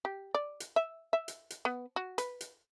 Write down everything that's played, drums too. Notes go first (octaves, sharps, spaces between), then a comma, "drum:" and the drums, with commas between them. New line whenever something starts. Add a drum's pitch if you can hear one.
G4
D5
drum: hi-hat
E5
E5
drum: hi-hat
drum: hi-hat
B3
F#4
B4, drum: hi-hat
drum: hi-hat